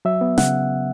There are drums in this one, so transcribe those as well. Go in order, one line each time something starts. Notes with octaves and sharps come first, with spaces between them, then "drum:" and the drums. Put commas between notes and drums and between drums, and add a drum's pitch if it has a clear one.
F#3 E5
B3
C#3 F#5, drum: snare